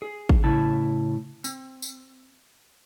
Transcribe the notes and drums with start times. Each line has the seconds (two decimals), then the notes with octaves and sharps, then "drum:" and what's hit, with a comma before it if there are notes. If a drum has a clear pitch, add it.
0.02 G#4
0.29 drum: kick G#1
0.44 A2 C#3 E4 A5
1.44 C4, drum: tambourine
1.82 drum: tambourine